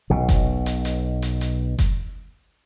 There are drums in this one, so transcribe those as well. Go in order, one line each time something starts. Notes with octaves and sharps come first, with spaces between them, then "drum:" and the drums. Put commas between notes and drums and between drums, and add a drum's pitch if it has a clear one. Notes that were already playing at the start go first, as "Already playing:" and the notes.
B1 B2
drum: kick F#1, hi-hat
drum: hi-hat
drum: hi-hat
drum: hi-hat
drum: hi-hat
drum: kick F#1, hi-hat